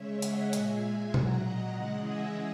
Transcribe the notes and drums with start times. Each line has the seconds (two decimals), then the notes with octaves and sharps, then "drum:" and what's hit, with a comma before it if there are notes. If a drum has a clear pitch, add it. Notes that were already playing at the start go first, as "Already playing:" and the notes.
Already playing: C#3 G#3 C#5 E5
0.22 D#5 F#5, drum: hi-hat
0.53 A#2 G#3 E5 G#5, drum: hi-hat
0.84 E5 G#5
1.14 A#2 F#3 F#5 A#5, drum: tom A#2
1.45 D#5 F#5
1.76 C#3 E3 G#3
2.06 E5 G#5